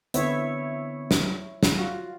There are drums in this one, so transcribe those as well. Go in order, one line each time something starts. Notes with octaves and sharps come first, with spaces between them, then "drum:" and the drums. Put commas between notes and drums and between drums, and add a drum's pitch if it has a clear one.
D3 B3 C4 E4 C#5 E5, drum: hi-hat
drum: snare
drum: snare
F4 F#4 F5